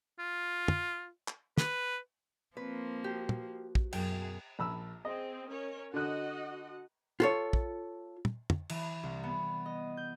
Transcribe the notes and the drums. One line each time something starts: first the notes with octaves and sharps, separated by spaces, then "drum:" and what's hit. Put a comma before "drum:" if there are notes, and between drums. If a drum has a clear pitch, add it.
F4
drum: tom
drum: clap
B4, drum: snare
F3 A#3 C4 B4
F#4 G4
drum: tom
drum: kick
F#2 B2 G#4 G5, drum: cymbal
A#1 B5 E6
C4 G#4 D#5
C#4 A#4 C#5
D3 F#4 D#5 F#5 F#6
F4 A4 C#5
drum: kick
drum: tom
drum: tom
E3, drum: cymbal
C2
B3
D#5
G6